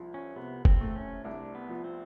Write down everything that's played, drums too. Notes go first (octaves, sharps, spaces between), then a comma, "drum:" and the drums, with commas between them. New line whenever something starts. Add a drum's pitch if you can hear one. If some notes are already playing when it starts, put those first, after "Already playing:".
Already playing: C2 F3
C#4
C3 B3
C4, drum: kick F1
A3
C#4
C2 D4
B3
F3
C4